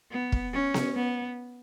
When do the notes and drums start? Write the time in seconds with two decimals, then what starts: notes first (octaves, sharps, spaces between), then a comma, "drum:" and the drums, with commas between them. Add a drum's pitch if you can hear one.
0.11 B3
0.32 drum: kick
0.53 C#4
0.74 drum: snare B3
0.95 B3